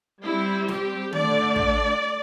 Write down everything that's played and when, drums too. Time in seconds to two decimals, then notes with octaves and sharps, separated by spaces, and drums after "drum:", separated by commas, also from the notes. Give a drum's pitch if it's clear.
0.23 G3 C4 E4
0.68 G4, drum: snare
1.13 D3 A3 D4 D5, drum: tom D#3
1.56 drum: kick